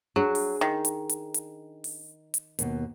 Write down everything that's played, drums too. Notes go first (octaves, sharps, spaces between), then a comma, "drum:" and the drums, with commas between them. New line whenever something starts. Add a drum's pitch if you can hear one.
F#3 D4 G#4
drum: open hi-hat
D#3
drum: hi-hat
drum: hi-hat
drum: hi-hat
drum: open hi-hat
drum: hi-hat
D#2 B2, drum: hi-hat